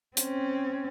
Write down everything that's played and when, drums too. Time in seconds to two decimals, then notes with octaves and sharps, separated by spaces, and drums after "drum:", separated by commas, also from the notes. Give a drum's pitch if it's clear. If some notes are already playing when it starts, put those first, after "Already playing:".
0.17 C4 C#4, drum: hi-hat